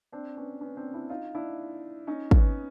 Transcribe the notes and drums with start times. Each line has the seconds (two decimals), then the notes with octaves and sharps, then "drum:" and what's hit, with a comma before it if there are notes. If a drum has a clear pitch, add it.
0.12 C4 D4
0.37 B3 C#4
0.61 B3 C#4
0.77 C4 D4
0.94 D4 E4
1.10 D#4 F4
1.35 D4 E4
2.07 C#4 D#4
2.31 B3 C#4, drum: kick